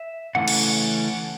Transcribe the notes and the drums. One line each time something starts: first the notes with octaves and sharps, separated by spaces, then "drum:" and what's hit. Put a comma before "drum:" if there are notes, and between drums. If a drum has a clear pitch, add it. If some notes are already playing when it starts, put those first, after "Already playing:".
Already playing: E5
C#3 E3 A3 C#4 F#5
drum: cymbal